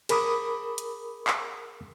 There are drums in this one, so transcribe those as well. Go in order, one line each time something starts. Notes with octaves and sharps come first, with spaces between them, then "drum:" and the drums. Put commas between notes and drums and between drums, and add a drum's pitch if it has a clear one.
G#4 A#4 B5 D6 D#6, drum: cymbal
drum: hi-hat
drum: clap